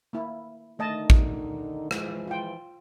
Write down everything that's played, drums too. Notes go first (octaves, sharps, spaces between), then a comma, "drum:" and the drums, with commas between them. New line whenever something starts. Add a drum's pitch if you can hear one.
A#3 E4
D3 D#3 A3 D#4 D#5 A5
drum: kick
E3 F3 G#3, drum: rim click
F4 G5